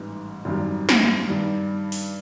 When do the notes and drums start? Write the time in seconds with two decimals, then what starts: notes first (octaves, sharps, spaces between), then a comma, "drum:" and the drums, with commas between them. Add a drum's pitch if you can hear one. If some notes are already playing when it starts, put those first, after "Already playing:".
Already playing: A1 G#2 E3 G3
0.45 G#1 F#2 D#3 G3
0.89 drum: snare
1.28 G2 D#3 G3
1.92 drum: open hi-hat